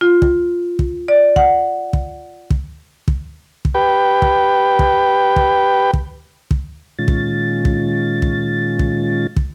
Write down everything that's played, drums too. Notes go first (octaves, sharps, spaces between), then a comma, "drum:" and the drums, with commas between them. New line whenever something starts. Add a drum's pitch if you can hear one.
F4
drum: kick
drum: kick
D5
F#5, drum: kick
drum: kick
drum: kick
drum: kick
drum: kick
G4 B4 G5
drum: kick
drum: kick
drum: kick
drum: kick
drum: kick
A#2 D#3 G#3 C#4 F4 A6
drum: kick
drum: kick
drum: kick
drum: kick
drum: kick